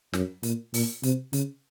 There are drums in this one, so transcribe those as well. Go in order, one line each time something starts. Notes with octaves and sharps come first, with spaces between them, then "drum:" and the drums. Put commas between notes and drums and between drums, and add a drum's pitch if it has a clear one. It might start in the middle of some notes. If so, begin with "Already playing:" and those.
F#2, drum: snare
A#2, drum: hi-hat
A#2, drum: open hi-hat
C3, drum: hi-hat
C#3, drum: hi-hat